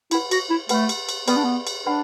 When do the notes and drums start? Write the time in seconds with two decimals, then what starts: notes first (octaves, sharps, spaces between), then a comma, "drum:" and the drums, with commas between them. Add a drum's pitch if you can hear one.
0.11 E4 B4 F#5 B5, drum: cymbal
0.31 F#4, drum: cymbal
0.50 E4
0.69 A3 B4 F#5 B5, drum: cymbal
0.89 drum: cymbal
1.09 drum: cymbal
1.28 B3 B4 D5 F#5 B5, drum: cymbal
1.36 D4
1.44 B3
1.67 drum: cymbal
1.86 D4 B4 D5 F#5 B5